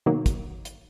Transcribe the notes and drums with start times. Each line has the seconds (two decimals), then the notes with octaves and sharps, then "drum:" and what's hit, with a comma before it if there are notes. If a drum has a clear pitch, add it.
0.06 B2 D#3 F#3 A#3
0.26 drum: kick, hi-hat
0.65 drum: hi-hat